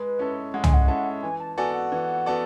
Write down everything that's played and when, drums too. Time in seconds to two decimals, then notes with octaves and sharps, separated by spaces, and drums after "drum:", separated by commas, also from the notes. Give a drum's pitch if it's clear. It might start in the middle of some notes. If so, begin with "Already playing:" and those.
Already playing: G#3 B4
0.19 C#4 E4 A4
0.54 G#3 F#5
0.64 G#5, drum: tom
0.74 F#5
0.88 C#4 E4 A4
1.22 E3 G#5
1.40 A5
1.57 B3 F#4 A4 D5 G#5
1.74 F#5
1.92 E3
2.26 B3 F#4 A4 D5